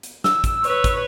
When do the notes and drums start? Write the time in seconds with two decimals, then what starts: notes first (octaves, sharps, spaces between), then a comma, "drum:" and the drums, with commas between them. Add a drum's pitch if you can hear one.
0.03 drum: hi-hat
0.24 E6, drum: snare
0.44 drum: kick, hi-hat
0.64 B4 C#5, drum: hi-hat
0.84 drum: kick, hi-hat